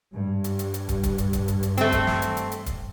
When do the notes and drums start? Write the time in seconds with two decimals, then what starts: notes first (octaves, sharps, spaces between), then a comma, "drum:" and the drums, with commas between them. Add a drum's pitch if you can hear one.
0.14 G2
0.44 drum: hi-hat
0.59 drum: hi-hat
0.74 drum: hi-hat
0.89 drum: kick, hi-hat
1.03 drum: kick, hi-hat
1.18 drum: hi-hat
1.33 drum: kick, hi-hat
1.48 drum: hi-hat
1.63 drum: hi-hat
1.77 A3 C4, drum: hi-hat
1.92 drum: kick, hi-hat
2.07 drum: snare
2.22 drum: hi-hat
2.37 drum: hi-hat
2.52 drum: hi-hat
2.66 drum: kick, hi-hat